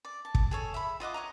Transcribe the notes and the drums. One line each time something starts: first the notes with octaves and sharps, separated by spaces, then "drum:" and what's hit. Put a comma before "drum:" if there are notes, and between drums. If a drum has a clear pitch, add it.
D5
A5
drum: kick
G#4 A4 C#5
E5 B5
F4 D#5 F#5 D6
C#5 D#5 A#5